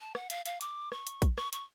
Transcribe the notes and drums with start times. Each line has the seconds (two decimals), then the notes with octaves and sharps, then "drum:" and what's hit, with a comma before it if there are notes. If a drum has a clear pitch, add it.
0.01 A5
0.15 F#5, drum: rim click
0.30 F5, drum: hi-hat
0.46 F5, drum: hi-hat
0.61 D6, drum: hi-hat
0.92 C#6, drum: rim click
1.07 drum: hi-hat
1.22 drum: kick, hi-hat
1.38 C#6, drum: rim click
1.53 C#6, drum: hi-hat